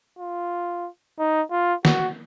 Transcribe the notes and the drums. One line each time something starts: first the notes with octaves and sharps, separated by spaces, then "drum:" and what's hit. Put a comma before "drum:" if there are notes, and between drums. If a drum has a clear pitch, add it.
F4
D#4
F4
F#4, drum: snare